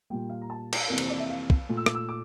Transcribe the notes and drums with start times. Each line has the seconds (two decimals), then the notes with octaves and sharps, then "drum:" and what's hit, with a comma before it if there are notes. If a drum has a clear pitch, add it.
0.10 A#2 G3 A#3 G5
0.30 F5
0.42 A#5
0.50 A5
0.73 drum: cymbal
0.88 F2 C3 E3 A#3 A#4
0.98 C5, drum: cymbal
1.09 D5
1.19 E5
1.29 F5
1.50 drum: kick
1.69 A#2 A3
1.77 E6
1.86 D6, drum: rim click
1.95 E6
2.09 D6